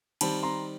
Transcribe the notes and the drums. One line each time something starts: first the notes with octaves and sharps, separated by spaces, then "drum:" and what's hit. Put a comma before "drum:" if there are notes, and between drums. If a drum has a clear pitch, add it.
D#3 G3 C4 A5 B5, drum: cymbal
A#5 C6